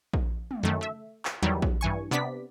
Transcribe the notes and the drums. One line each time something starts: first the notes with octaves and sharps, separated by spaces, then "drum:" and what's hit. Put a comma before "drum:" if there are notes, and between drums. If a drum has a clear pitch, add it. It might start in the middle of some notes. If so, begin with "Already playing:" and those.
drum: kick A#1
drum: tom
F#2 D#3 A3
A3 E5
drum: clap
E2 D#3 F#3 G3
drum: kick A#1
G2 E3 G#5 C#6
C3 B3 D4 D5 B6